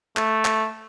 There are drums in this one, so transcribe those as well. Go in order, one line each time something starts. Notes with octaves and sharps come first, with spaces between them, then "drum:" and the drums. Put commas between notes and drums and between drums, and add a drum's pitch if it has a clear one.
A3, drum: clap
drum: clap